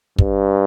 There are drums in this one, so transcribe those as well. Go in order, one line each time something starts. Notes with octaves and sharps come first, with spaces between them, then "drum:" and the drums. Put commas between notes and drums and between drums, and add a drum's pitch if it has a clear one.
G2, drum: kick